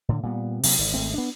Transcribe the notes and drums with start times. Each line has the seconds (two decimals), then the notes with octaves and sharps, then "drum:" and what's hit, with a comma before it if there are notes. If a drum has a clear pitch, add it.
0.09 A2 D3
0.23 A#2 G3 B3
0.64 C3 F#3 A3 A#3, drum: open hi-hat
0.78 G#1 D3
0.94 G#1 A3 C4
1.14 B3 D4